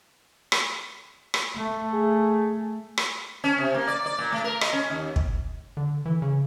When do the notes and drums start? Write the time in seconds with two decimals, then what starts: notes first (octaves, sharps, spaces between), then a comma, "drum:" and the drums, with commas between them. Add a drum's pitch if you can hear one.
0.52 drum: rim click
1.34 drum: rim click
1.58 A3
1.93 G#4
2.98 drum: rim click
3.44 C#4
3.58 C3
3.74 A#3
3.88 D5
4.06 D5
4.19 A#2
4.32 A3
4.44 A#4
4.61 D#5, drum: rim click
4.73 C#4
4.90 D#2
5.16 drum: kick
5.77 D3
6.05 E3
6.22 C#3